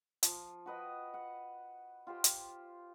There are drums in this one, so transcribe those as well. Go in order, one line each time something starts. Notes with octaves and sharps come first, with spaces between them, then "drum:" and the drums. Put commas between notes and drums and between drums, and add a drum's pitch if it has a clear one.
F3, drum: hi-hat
F#4 B4 D#5 G5
F#5
F4 G4 C5 G5
drum: hi-hat